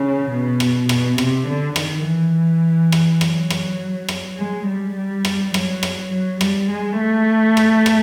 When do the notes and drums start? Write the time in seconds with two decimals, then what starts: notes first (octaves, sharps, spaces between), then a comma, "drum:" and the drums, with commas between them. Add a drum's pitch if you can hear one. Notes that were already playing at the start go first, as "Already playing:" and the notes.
Already playing: C#3
0.31 B2
0.60 drum: rim click
0.89 B2, drum: rim click
1.18 C3, drum: rim click
1.47 D3
1.76 D#3, drum: rim click
2.06 E3
2.92 drum: rim click
3.21 F#3, drum: rim click
3.50 drum: rim click
4.09 drum: rim click
4.38 G#3
4.67 G3
4.95 G3
5.25 drum: rim click
5.54 F#3, drum: rim click
5.83 drum: rim click
6.12 F#3
6.41 G3, drum: rim click
6.70 G#3
6.99 A3
7.57 drum: rim click
7.86 drum: rim click